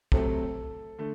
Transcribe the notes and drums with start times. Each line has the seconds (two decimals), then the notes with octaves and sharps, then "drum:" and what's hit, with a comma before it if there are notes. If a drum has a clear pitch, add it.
0.12 C3 F#3 A3 C4 A4, drum: kick
0.98 D3 A3